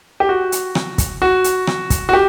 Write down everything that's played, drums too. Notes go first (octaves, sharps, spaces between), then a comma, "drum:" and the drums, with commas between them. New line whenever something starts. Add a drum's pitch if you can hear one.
G4
F#4
drum: hi-hat
drum: rim click
drum: kick, hi-hat
F#4
drum: hi-hat
drum: rim click
drum: kick, hi-hat
F#4
G4